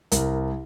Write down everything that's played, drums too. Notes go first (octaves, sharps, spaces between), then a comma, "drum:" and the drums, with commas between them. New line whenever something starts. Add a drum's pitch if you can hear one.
C2 A#4, drum: hi-hat